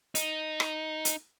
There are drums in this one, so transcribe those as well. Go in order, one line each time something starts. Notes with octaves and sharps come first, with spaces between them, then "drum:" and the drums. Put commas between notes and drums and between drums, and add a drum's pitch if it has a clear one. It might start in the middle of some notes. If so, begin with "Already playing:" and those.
D#4, drum: hi-hat
drum: rim click
drum: hi-hat